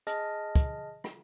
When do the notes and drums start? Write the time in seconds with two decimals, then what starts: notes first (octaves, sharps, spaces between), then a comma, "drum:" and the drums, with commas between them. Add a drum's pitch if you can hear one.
0.07 G#4 D#5 A5 F6 A#6, drum: hi-hat
0.55 drum: kick, hi-hat
1.04 drum: rim click